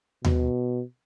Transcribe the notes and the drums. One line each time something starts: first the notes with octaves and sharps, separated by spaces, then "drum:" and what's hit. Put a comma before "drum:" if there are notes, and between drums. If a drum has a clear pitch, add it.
B2, drum: tom D#2